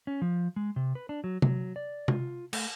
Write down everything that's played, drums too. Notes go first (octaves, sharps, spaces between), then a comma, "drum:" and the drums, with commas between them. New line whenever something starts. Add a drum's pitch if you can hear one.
C#4
F3
G#3
C3
B4
D4
F#3
F#3, drum: tom C3
D5
F4, drum: tom C3
A3, drum: cymbal